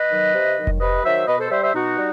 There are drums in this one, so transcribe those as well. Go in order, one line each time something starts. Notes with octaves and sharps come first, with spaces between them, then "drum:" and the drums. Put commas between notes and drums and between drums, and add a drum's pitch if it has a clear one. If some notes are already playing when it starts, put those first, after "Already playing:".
Already playing: B4 D#5
D#3 F#3
C3
D#3 F#3
drum: kick F1
C3 B4 D#5
D#3 F#3 C5 E5
B2 B4 D#5
A4 C5
G3 C5 E5
C5 E5
B2 D#4 F#4
G3